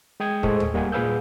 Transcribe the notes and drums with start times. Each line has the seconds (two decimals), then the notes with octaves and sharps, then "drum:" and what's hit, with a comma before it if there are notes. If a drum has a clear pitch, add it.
0.20 G#3 G5 D#6 G#6
0.43 A2 G#3 A4 C5 C#6 E6, drum: kick
0.60 drum: tom D#2
0.74 G3 A#3 F#5 G#5
0.92 A#2 G#4 B4 F5 E6 G6